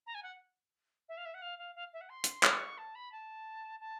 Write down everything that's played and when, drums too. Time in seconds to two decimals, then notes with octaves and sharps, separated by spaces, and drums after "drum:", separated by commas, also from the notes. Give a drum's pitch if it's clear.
0.07 A#5
0.15 G#5
0.23 F#5
1.09 E5
1.17 F5
1.25 E5
1.34 F#5
1.42 F5
1.58 F5
1.75 F5
1.93 E5
2.01 F#5
2.10 C6
2.24 drum: hi-hat
2.43 C#6, drum: clap
2.78 A5
2.95 B5
3.12 A5
3.80 A5